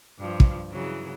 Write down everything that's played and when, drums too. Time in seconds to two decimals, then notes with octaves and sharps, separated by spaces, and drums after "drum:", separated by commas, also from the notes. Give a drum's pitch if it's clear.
0.19 G2 F3
0.40 drum: kick
0.70 C#3 E3 F#3